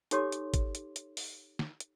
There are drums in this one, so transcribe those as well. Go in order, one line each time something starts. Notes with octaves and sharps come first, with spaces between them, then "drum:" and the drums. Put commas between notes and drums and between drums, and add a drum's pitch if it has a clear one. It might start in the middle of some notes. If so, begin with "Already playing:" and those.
D#4 G4 A4 C#5 C6 D6, drum: hi-hat
drum: hi-hat
drum: kick, hi-hat
drum: hi-hat
drum: hi-hat
drum: open hi-hat
drum: snare
drum: hi-hat